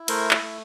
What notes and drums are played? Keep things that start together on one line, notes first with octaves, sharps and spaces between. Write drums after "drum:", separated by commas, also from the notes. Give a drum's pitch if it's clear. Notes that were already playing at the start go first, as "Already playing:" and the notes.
Already playing: E4
A3 A#4 C5, drum: cymbal
drum: clap
A3